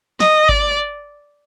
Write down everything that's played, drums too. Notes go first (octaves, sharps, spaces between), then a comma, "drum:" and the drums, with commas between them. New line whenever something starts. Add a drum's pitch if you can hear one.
D#5, drum: snare
D5, drum: kick G1